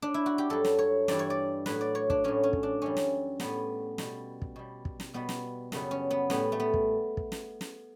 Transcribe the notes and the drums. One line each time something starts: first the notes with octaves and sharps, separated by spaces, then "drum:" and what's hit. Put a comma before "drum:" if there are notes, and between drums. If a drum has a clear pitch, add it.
D4
E4
F#4
G4
G2 F#3 A4
drum: snare
C#5
G2 E3 G3 D5, drum: snare
C#5
D5
A2 F#3 B4, drum: snare
D5
C#5
D4, drum: kick
A2 F#3 C#4
C#4
drum: kick
D4
F#2 E3 G3 C#4
drum: snare
A2 G3 B3, drum: snare
B2 G3, drum: snare
drum: kick
B2 G3
drum: kick
drum: snare
B2 G3 B3
drum: snare
F#2 C#3 G3 B3, drum: snare
C#4
B3
A2 G3 B3, drum: snare
A3
B3
drum: kick
drum: kick
drum: snare
drum: snare